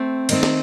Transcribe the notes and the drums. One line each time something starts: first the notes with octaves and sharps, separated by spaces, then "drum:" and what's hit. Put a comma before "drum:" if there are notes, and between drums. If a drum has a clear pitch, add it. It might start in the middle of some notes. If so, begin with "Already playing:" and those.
Already playing: A3 C4
D#3 A3 C4, drum: cymbal
drum: snare